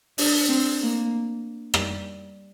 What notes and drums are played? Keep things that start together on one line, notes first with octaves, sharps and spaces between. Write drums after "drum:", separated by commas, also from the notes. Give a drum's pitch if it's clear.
D4, drum: open hi-hat
C4
A#3
G3, drum: rim click